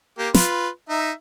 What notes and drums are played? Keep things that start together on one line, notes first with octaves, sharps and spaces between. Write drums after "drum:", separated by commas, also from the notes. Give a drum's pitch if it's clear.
A#3 G4
F4 B4, drum: snare
D#4 E5